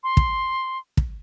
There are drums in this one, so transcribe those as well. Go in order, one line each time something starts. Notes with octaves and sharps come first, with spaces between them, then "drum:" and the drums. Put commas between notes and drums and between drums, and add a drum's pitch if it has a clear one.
C6
drum: kick
drum: kick